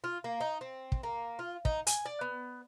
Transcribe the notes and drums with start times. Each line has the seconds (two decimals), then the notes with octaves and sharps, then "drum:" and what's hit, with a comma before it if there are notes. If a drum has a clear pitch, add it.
0.04 F4
0.24 A#3
0.41 D#4
0.61 C4
0.92 drum: kick
1.03 A#3
1.39 F4
1.65 D#4, drum: kick
1.87 G#5, drum: hi-hat
2.06 D5
2.21 B3